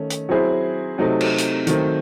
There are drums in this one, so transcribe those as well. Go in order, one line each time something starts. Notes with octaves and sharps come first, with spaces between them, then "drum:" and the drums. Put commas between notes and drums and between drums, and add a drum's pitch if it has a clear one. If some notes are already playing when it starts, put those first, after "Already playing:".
Already playing: D#3 A3 C#4
drum: hi-hat
F#3 C4 E4 G#4 C5
C3 F#3 A3 C4 D#4
drum: cymbal
drum: hi-hat
D#3 F#3 A3 C4, drum: hi-hat